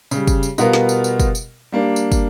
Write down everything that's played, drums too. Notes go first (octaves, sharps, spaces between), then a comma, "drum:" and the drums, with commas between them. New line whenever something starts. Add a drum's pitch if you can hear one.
C#3 G3, drum: tambourine
drum: kick, tambourine
drum: tambourine
B2 G3 B3 F4 A#4, drum: tambourine
drum: snare
drum: tambourine
drum: tambourine
drum: kick, tambourine
drum: tambourine
G3 A#3 D4
drum: tambourine
drum: kick, tambourine